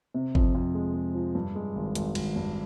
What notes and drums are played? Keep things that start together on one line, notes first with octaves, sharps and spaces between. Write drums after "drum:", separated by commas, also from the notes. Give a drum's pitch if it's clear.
C3
F2, drum: kick G1
F2
G#3
G#3
F3
G2
G#3
G#1
G#1, drum: hi-hat
G#1, drum: cymbal
G2